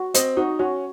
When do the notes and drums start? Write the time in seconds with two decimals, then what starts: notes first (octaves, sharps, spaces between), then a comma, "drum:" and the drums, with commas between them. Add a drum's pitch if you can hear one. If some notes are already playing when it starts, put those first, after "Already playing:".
Already playing: F#4
0.14 C4 D#5, drum: hi-hat
0.37 D#4 F#4
0.59 C#4 F#4